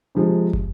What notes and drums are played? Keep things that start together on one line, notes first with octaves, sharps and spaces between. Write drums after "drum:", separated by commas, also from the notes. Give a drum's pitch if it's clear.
C3 F3 G#3
drum: kick